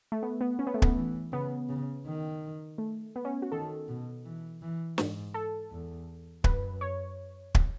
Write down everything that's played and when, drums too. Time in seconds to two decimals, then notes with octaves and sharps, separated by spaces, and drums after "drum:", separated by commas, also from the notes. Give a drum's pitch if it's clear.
0.12 A3
0.23 B3
0.41 B3
0.59 C#4
0.67 B3
0.74 A3
0.82 B3, drum: kick
0.96 E3
1.32 C#3 B3
1.69 C#3
2.06 D#3
2.78 A3
3.16 B3
3.25 C#4
3.42 F#4
3.52 D#3 A4
3.89 B2
4.25 E3
4.62 E3
4.98 G#2, drum: snare
5.34 A4
5.71 E2
6.44 F#2 B4, drum: kick
6.81 C#5
7.55 drum: kick